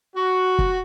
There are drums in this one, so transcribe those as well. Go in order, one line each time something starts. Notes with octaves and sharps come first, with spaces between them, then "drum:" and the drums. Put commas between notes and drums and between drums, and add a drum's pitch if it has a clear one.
F#4
drum: kick